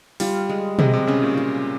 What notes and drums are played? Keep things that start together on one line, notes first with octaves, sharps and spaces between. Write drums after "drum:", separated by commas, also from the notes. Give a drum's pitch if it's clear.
G3 F4, drum: open hi-hat
G#3
C3 G#3, drum: tom B2
C3
C#3 C#4
A#2
F4